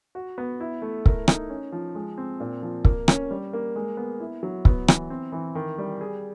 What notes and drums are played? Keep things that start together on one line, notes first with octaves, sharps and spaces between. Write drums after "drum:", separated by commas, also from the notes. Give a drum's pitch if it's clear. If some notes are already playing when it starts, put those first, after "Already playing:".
F#4
B3
E4
A3
A#4, drum: kick
D#4, drum: rim click
C#4
F3
G#3
C4
A#2
F3
A#3, drum: kick
C#4, drum: rim click
G3
A#3
G#3
B3
E4
F#3
B3, drum: kick
E3, drum: rim click
C4
E3
D#3
G3
G#4